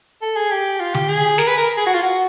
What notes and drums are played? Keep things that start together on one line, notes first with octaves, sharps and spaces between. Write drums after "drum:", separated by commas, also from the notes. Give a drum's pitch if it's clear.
A4
G#4
G4
F4
G4, drum: tom D3
G#4
A#4, drum: snare
B4
A#4
G#4
F#4
F4
F#4